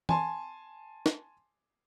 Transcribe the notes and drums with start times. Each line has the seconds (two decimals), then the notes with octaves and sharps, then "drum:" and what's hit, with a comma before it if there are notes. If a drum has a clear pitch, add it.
0.09 G#5 A5 C6, drum: tom
1.06 drum: snare